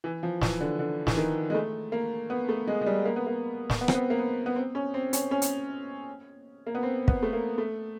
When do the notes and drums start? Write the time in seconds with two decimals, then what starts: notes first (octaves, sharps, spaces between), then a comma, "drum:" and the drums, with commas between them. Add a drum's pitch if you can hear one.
0.04 E3
0.23 F3
0.42 E3, drum: snare
0.60 D3
0.79 D3
1.07 E3, drum: snare
1.17 D#3
1.50 G#3
1.55 A3
1.92 A#3
2.30 B3
2.49 A3
2.67 G#3
2.81 G#3
2.86 G3
3.05 A#3
3.16 B3
3.27 A#3
3.70 drum: snare
3.81 B3
3.88 C4, drum: rim click
3.94 B3
4.10 A#3
4.19 B3
4.46 B3
4.56 C4
4.75 C#4
4.94 C4
5.13 C#4, drum: hi-hat
5.31 C#4
5.42 drum: hi-hat
6.66 A#3
6.75 B3
6.83 C4
7.08 B3, drum: kick
7.23 A3
7.33 A#3
7.58 A3